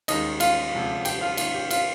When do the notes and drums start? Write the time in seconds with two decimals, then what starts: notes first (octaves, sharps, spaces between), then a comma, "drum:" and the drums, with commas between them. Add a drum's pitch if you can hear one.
0.08 D#2 D#3 G#3 D#4 D#5, drum: cymbal
0.40 F4 F5, drum: cymbal
0.73 D2 C3 F3 G#3
1.05 G4 G5, drum: cymbal
1.21 F4 F5
1.37 G#2 D#3 A#3 F4 F5, drum: cymbal
1.54 G4 G5
1.70 F4 F5, drum: cymbal